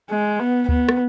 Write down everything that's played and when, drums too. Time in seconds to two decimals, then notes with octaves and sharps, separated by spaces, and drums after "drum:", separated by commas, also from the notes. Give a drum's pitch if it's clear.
0.11 G#3
0.40 B3
0.69 B3, drum: kick D2
0.89 drum: rim click